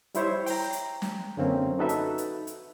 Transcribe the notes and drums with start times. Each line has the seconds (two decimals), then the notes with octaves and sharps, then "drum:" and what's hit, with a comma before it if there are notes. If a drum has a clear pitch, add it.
0.15 G3 E4 C5 C#5 E5, drum: hi-hat
0.46 G5 A#5, drum: open hi-hat
0.73 drum: hi-hat
1.02 drum: snare
1.37 F#2 D3 A#3 C4 C#4
1.79 D#4 F#4 A4 B4 E5
1.89 drum: hi-hat
2.18 drum: hi-hat
2.47 drum: hi-hat